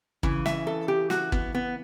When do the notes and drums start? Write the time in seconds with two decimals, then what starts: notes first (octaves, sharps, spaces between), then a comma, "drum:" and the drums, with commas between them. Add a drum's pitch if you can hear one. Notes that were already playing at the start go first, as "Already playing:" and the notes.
0.23 C#3 E3, drum: kick
0.46 E5, drum: snare
0.67 A4
0.88 G4
1.10 F#4, drum: snare
1.32 B3, drum: kick
1.55 B3